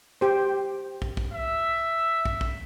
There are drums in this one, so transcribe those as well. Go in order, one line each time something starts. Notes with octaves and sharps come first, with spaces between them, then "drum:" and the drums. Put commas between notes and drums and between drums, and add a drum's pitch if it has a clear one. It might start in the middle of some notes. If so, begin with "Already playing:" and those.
G4 C5
drum: kick
drum: kick
E5
drum: kick
drum: kick